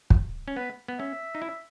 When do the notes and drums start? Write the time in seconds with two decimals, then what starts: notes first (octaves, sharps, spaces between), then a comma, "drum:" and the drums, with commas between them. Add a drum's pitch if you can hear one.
0.10 drum: kick
0.48 C#4
0.56 B3 B4
0.88 B3
0.99 C#4 E5
1.35 D#4
1.42 E4